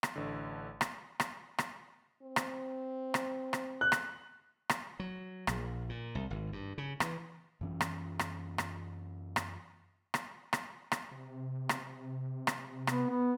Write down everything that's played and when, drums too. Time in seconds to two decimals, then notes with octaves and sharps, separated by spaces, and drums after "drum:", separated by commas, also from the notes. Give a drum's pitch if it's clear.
0.03 drum: rim click
0.16 A1 D3
0.81 drum: rim click
1.20 drum: rim click
1.58 drum: rim click
2.22 C4
2.36 drum: rim click
3.14 drum: rim click
3.53 drum: rim click
3.81 F#6
3.92 drum: rim click
4.70 drum: rim click
5.00 F#3
5.47 A#1, drum: rim click
5.89 A#2
6.15 C2
6.30 G#1
6.53 G2
6.78 C#3
7.00 E3, drum: rim click
7.61 F#2 E3 C#4
7.81 drum: rim click
8.19 drum: rim click
8.58 drum: rim click
9.36 drum: rim click
10.14 drum: rim click
10.53 drum: rim click
10.92 drum: rim click
11.11 C3
11.69 drum: rim click
12.47 drum: rim click
12.87 B3, drum: rim click
13.10 B3